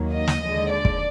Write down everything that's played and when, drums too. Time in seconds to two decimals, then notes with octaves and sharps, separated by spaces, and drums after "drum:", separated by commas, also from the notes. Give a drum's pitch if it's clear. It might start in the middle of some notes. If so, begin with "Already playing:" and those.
Already playing: D#2 D#3 F#3 A#3
0.13 D#5
0.28 drum: snare
0.42 D#2 D3 F3 G#3
0.71 D5
0.85 drum: kick